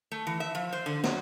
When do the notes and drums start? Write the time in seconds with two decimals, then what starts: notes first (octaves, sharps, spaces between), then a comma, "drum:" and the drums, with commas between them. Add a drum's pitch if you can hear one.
0.12 A3
0.27 E3
0.40 E5
0.55 F3
0.73 C5
0.86 D3
1.04 F#3, drum: snare